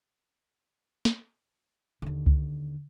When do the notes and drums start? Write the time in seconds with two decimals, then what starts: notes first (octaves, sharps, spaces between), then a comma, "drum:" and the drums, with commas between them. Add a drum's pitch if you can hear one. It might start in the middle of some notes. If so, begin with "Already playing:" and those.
1.05 drum: snare
2.02 D#2 D3
2.26 drum: kick C#2